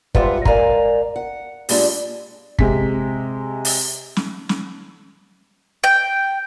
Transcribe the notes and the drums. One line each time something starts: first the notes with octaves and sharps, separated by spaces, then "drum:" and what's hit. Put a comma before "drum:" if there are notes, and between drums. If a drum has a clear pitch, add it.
G#2 G3 F4 B4 E5 F#5, drum: kick
G#3 A#4 D5 F5 G#5 A#5, drum: kick
F#5
A#2 G3 G#3 D4, drum: open hi-hat
C3 G#3 B6, drum: kick
drum: open hi-hat
drum: snare
drum: snare
G5